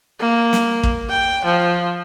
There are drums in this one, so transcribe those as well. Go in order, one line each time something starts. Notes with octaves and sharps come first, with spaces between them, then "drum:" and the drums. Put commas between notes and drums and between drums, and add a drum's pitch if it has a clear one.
A#3
drum: snare
drum: kick
G5
F3